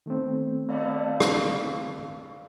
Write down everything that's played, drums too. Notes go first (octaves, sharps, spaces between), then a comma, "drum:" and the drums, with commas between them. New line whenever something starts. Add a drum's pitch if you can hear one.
D#3 A3 B3 C4
drum: cymbal
drum: rim click